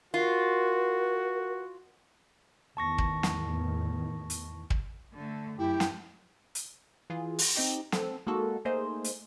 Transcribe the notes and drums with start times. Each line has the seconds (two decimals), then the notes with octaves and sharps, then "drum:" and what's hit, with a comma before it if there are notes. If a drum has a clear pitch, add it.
0.14 F4 F#4 A#4
2.77 E2 A2 D#3 A5 C#6 A#6
2.98 drum: kick
3.23 drum: snare
4.30 drum: hi-hat
4.70 drum: kick
5.13 D3 A3
5.59 F#2 E4 G4
5.80 drum: snare
6.55 drum: hi-hat
7.10 E3 F4 G#4
7.39 drum: open hi-hat
7.56 C4 D#4 G4
7.92 C4 A4, drum: snare
8.27 G#3 A#3 D#4 F#4 A4
8.65 A3 A#3 D#4 G#4 C5
9.04 drum: hi-hat